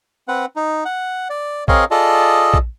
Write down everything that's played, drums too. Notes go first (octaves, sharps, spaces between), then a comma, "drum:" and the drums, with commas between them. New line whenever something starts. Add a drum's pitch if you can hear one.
C4 B4 F#5
D#4
F#5
D5
C4 G#4 A#4 C#5 D#5 F5, drum: kick A#1
F4 G#4 A4 D5 D#5 A5
drum: kick A#1